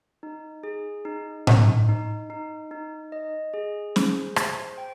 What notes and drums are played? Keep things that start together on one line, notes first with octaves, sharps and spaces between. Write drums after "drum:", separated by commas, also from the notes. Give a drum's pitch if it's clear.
D#4
G#4
D#4
D#4, drum: tom A2
D#4
D#4
D#4
D#5
G#4
C5, drum: snare
C5, drum: rim click
G5